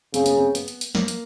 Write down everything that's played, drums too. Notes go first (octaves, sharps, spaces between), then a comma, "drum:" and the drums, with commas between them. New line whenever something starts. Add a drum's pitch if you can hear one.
C#3 C4, drum: hi-hat
B3, drum: hi-hat
C4
B3, drum: hi-hat
drum: hi-hat
drum: hi-hat
A#3, drum: snare
drum: hi-hat